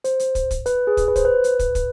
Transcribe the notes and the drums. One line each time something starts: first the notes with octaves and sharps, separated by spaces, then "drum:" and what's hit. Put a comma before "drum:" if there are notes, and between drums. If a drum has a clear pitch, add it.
C5, drum: hi-hat
drum: hi-hat
drum: kick, hi-hat
drum: kick, hi-hat
B4, drum: hi-hat
G#4
drum: kick, hi-hat
B4
C5, drum: kick, hi-hat
B4
drum: hi-hat
drum: kick, hi-hat
drum: kick, hi-hat